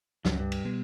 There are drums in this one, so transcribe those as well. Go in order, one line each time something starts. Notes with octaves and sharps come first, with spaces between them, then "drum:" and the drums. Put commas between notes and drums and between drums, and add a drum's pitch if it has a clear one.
C#2 G2, drum: snare
F#2
G2
drum: cymbal
B2 G3 B3